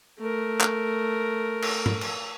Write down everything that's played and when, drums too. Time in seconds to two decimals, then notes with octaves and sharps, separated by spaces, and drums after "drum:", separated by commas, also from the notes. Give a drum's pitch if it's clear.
0.19 A3 A#4
0.61 drum: clap
1.62 drum: cymbal
1.86 drum: tom
2.01 drum: cymbal